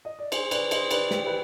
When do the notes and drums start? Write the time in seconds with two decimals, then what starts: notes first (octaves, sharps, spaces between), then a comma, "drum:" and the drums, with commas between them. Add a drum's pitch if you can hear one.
0.05 D#5
0.19 D5
0.32 G#4 C5, drum: cymbal
0.51 B4 D5, drum: cymbal
0.71 C5 D#5, drum: cymbal
0.91 B4 D5, drum: cymbal
1.11 G4 B4, drum: snare
1.27 B4